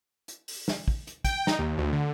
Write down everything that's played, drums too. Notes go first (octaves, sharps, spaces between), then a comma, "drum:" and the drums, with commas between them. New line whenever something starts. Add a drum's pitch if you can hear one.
drum: hi-hat
drum: open hi-hat
drum: snare
drum: kick
drum: hi-hat
G5, drum: kick, hi-hat
D#4, drum: snare
D#2
D2
D3